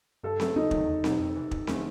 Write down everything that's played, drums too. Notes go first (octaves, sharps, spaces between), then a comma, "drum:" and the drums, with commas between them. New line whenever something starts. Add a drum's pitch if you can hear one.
G2 A4
D3 F#3 A3, drum: snare C4
D#2 D#4
D#3 F#3 A3, drum: kick
E2
B2 F#3 B3 D#4, drum: snare C4
F2
C3 E3
F2, drum: kick
D3 F3 A3 C#4, drum: snare C4